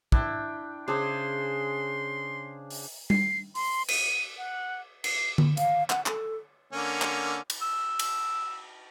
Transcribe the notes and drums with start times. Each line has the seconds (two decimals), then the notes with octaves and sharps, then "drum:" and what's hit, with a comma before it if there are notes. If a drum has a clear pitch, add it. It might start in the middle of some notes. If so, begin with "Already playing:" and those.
0.12 D4 E4 G5, drum: kick
0.88 C#3 D4 G#4 C5 C6
2.70 drum: open hi-hat
3.10 C7, drum: tom G3
3.55 C6, drum: open hi-hat
3.88 D#7, drum: cymbal
4.38 F#5
5.04 C7, drum: cymbal
5.38 drum: tom D3
5.57 F5, drum: hi-hat
5.90 F#5, drum: clap
6.06 A4, drum: clap
6.73 D3 A#3 C#4
7.02 drum: clap
7.50 drum: cymbal
7.62 E6
7.99 drum: cymbal